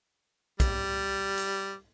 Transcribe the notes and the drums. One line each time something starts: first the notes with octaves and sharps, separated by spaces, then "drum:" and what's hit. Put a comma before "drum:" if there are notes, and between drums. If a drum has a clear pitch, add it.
G3, drum: kick, hi-hat
drum: hi-hat